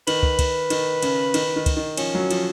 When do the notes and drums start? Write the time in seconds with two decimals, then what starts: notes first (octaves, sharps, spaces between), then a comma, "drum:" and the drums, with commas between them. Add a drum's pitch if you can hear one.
0.07 D#3 B4, drum: cymbal
0.23 drum: kick
0.39 drum: kick, cymbal
0.70 D#3, drum: cymbal
1.03 C#3, drum: cymbal
1.34 D#3, drum: cymbal
1.56 D#3
1.66 drum: kick, cymbal
1.77 D#3
1.97 F3 C#4, drum: cymbal
2.15 F#3
2.31 F3, drum: cymbal